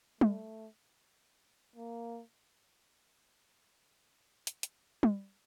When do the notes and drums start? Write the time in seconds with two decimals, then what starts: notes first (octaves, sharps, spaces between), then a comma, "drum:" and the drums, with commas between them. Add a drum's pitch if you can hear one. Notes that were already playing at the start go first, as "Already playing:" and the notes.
0.21 A3, drum: tom
1.76 A#3
4.47 drum: hi-hat
4.63 drum: hi-hat
5.03 drum: tom